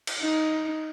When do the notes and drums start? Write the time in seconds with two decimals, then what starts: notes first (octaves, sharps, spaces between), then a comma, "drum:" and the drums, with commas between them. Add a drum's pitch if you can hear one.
0.07 drum: cymbal
0.20 D#4